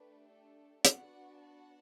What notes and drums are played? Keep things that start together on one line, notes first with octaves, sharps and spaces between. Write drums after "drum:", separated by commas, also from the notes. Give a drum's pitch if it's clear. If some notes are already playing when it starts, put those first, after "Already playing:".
Already playing: A3 D4 G4 B4
A4
B3 D4 F#4 D5 F#5, drum: hi-hat
F#5 A5